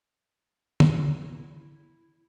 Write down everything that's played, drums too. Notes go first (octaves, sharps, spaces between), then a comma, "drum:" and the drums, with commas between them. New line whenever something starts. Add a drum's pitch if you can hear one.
E4, drum: tom